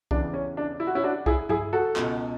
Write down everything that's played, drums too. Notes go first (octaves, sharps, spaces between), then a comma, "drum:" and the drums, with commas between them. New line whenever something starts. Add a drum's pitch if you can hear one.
E2 C#3 E3 D4, drum: kick B1
C#4
D4
E4
F#4
C#4 E4
D4 F#4
E4 G#4, drum: kick B1
E4 G#4, drum: tom G2
F#4 A4
C#2 B2, drum: clap